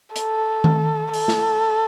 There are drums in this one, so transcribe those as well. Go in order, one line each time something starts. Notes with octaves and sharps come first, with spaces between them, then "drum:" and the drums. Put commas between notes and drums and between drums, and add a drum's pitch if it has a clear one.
A4, drum: hi-hat
drum: tom D#3
A4, drum: open hi-hat
drum: snare